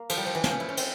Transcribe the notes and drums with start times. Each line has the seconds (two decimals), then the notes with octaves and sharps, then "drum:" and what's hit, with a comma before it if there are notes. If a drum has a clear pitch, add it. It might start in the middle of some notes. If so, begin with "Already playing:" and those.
Already playing: A#3
0.10 F3, drum: cymbal
0.17 G3
0.26 F3
0.35 E3
0.44 F3, drum: snare
0.51 C#4
0.60 E4
0.69 C#4
0.77 C4, drum: cymbal